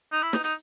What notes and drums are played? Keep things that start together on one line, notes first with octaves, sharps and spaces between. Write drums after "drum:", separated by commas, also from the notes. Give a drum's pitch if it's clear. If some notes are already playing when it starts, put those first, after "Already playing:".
D#4
E4
D#4, drum: snare
D#4, drum: hi-hat